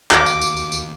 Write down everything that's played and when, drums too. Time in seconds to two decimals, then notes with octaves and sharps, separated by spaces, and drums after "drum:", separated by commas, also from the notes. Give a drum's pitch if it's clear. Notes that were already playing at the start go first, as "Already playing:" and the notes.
0.11 D#2 F#4 F5 D6, drum: clap
0.26 drum: tambourine
0.41 drum: tambourine
0.57 drum: tambourine
0.72 drum: tambourine